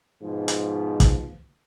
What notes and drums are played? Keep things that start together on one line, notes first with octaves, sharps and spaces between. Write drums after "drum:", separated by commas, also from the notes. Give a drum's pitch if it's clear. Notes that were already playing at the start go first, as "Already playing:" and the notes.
G#2 B2 F3
drum: hi-hat
drum: kick, hi-hat